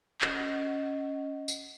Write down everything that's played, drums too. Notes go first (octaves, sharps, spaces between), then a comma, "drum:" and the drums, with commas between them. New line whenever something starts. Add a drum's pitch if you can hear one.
C#4 D#5 F#5, drum: clap
drum: tambourine